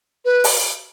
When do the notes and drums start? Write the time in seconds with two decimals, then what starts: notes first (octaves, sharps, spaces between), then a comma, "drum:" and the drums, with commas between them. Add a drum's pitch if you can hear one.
0.25 B4
0.44 drum: open hi-hat